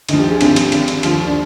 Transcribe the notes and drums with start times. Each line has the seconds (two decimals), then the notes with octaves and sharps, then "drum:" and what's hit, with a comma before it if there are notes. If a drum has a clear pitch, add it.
0.09 D2 D3 F3 D#4, drum: cymbal
0.19 G4
0.30 G#4
0.41 G#1 G2 D3 F3 G4, drum: cymbal
0.56 drum: cymbal
0.72 G#1 G2 D3, drum: cymbal
0.88 drum: cymbal
1.03 D#2 D3 F3 F4, drum: cymbal
1.25 D4